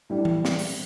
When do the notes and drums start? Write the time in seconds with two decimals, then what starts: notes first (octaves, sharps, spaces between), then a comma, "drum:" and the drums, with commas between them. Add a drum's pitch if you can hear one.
0.10 A2 G3 D4
0.25 drum: tom E3
0.45 drum: snare
0.59 drum: open hi-hat